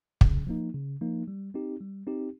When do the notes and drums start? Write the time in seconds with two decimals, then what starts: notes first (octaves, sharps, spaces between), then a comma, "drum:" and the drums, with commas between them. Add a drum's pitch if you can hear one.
0.21 C#3, drum: kick
0.47 F3 A#3 D#4
0.74 C#3
1.01 F3 A#3 D#4
1.28 G3
1.54 C4 D#4 G4
1.81 G3
2.07 C4 D#4 G4